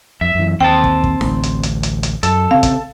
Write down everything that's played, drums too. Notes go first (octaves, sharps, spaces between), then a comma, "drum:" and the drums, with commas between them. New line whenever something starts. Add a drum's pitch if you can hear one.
F2 E5
F#2 E3
D#2 C4 C5 G5 A5
drum: kick
drum: kick
A1 D2, drum: snare D#4
drum: hi-hat
drum: hi-hat
drum: hi-hat
drum: hi-hat
F#2 A4, drum: hi-hat
C#3 C4 F5
drum: kick, hi-hat